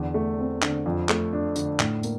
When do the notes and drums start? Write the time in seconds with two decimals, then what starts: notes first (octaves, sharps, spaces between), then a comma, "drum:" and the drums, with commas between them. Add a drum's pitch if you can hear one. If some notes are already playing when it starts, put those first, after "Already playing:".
Already playing: E2 D3
0.14 A3
0.39 C4
0.62 D3, drum: clap
0.86 F2
1.09 A3, drum: clap
1.33 D4
1.56 D3, drum: tambourine
1.79 A2, drum: clap
2.03 A#3, drum: tambourine